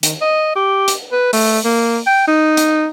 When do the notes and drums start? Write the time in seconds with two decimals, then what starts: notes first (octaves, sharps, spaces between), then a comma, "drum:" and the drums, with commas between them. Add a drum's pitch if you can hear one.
0.03 D#3, drum: hi-hat
0.21 D#5
0.56 G4
0.88 drum: hi-hat
1.12 B4
1.33 A3, drum: open hi-hat
1.65 A#3
2.07 G5
2.28 D#4
2.57 drum: hi-hat